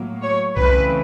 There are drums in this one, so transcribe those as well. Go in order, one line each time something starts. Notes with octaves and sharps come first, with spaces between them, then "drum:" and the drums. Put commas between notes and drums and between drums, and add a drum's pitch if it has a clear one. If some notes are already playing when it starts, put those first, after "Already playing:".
Already playing: A2 F#3 A#3
C#5
C#3 E3 A3 C4 B4, drum: kick C2